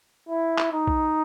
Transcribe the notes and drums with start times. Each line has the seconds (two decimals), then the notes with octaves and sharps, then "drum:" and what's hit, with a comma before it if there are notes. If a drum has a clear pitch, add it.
0.29 E4
0.58 drum: clap
0.73 D#4
0.87 drum: kick B1